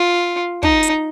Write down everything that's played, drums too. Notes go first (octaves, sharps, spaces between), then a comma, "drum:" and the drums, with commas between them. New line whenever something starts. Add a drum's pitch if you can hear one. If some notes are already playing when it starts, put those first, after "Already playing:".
Already playing: F4
D#4, drum: kick
drum: hi-hat